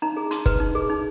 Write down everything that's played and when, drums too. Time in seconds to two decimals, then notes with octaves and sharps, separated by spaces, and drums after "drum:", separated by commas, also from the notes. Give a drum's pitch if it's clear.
0.02 D#4 A#5
0.17 G#4
0.31 D#4 C6, drum: hi-hat
0.46 B4, drum: kick
0.60 D#4
0.75 G#4
0.90 D#4